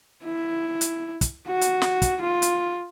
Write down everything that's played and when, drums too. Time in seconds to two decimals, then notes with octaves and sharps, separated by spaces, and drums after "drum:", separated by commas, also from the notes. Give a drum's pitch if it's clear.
0.24 E4
0.81 drum: hi-hat
1.21 drum: kick, hi-hat
1.47 F#4
1.61 drum: hi-hat
1.82 drum: snare
2.02 drum: kick, hi-hat
2.22 F4
2.42 drum: hi-hat